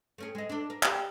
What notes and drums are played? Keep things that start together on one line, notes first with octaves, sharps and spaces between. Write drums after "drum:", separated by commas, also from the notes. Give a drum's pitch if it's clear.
A3 C#4 G#4
G#3 D#5
D4 A4
A#4
G4, drum: clap